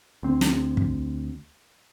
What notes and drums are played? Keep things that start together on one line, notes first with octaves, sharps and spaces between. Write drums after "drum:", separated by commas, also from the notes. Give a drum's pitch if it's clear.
D2 C4
drum: snare
drum: kick